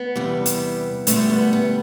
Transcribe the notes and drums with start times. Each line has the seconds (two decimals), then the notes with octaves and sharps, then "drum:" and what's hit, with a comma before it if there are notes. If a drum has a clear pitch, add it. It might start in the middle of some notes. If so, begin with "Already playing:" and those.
Already playing: B3
0.16 E2 C3 G3
0.46 drum: hi-hat
1.07 D2 D3 G3 A3, drum: hi-hat
1.30 B3
1.53 B3